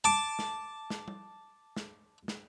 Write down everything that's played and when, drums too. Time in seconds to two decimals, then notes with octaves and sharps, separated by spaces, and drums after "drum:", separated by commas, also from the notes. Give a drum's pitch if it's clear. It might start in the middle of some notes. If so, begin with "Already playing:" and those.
0.04 A5 D6
0.39 drum: snare
0.90 drum: snare
1.08 drum: tom G3
1.76 drum: snare
2.28 drum: snare